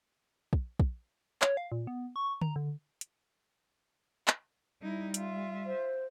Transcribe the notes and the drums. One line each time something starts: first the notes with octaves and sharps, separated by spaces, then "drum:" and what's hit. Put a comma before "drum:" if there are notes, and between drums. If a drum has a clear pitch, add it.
drum: kick
drum: kick
C#5, drum: clap
F5
A#2
B3
C#6
A#5, drum: tom D3
D3
drum: hi-hat
drum: clap
G3 D#4 E4
F4 E5, drum: hi-hat
C5